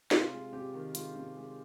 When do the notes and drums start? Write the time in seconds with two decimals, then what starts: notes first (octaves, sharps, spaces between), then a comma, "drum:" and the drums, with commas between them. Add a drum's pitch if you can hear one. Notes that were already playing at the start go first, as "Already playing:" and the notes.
0.11 C3 F4, drum: snare
0.32 G#3
0.52 C3 G4
0.74 D#3
0.95 G#3 F4, drum: hi-hat
1.16 C3
1.37 G#3